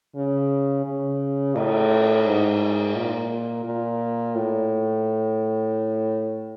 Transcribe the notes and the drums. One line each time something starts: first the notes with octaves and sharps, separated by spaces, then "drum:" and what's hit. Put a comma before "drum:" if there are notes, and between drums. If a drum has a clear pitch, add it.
C#3
C#3
A2, drum: cymbal
G#2
A#2
A#2
A2